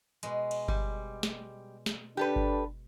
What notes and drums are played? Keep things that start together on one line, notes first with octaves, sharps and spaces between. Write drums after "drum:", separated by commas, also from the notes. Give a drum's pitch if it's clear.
B2 G#3, drum: hi-hat
drum: cymbal
G3, drum: kick G1
drum: snare
drum: snare
D4 G4 A4 B4
drum: kick G1